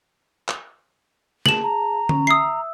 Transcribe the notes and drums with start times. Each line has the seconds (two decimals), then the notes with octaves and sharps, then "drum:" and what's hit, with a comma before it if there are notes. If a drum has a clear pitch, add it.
0.48 drum: clap
1.46 G#4 A5 E7 F#7, drum: snare
1.63 A#5
2.09 C#4, drum: tom D3
2.27 E5 D#6 E6 C7